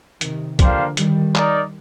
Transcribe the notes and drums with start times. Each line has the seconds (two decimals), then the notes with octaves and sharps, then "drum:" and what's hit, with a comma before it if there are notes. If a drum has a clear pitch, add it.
0.21 C3 D#3, drum: hi-hat
0.59 D3 F3 A#3 D4 G4 C5 F5, drum: kick, hi-hat
0.97 D#3 G3, drum: hi-hat
1.36 D#4 A#4 D5, drum: clap